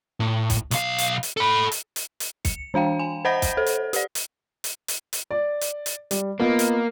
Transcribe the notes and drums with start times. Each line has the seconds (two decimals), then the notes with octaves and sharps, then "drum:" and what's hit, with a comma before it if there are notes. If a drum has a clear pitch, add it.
0.20 A2
0.50 drum: kick, hi-hat
0.71 B1 F5, drum: hi-hat
0.98 drum: hi-hat
1.23 drum: hi-hat
1.37 A4 B5
1.72 drum: hi-hat
1.96 drum: hi-hat
2.20 drum: hi-hat
2.45 C#7, drum: kick, hi-hat
2.74 E3 D4 F5 G5
2.99 G#5
3.25 C5 D#5 F#5 B5 G6 A#6
3.42 drum: kick, hi-hat
3.57 A4 C5
3.66 drum: hi-hat
3.93 G4 D5, drum: hi-hat
4.15 drum: hi-hat
4.64 drum: hi-hat
4.88 drum: hi-hat
5.13 drum: hi-hat
5.31 D5
5.61 drum: hi-hat
5.86 drum: hi-hat
6.11 G3, drum: hi-hat
6.40 A#3 B3 F4 D#5
6.59 drum: hi-hat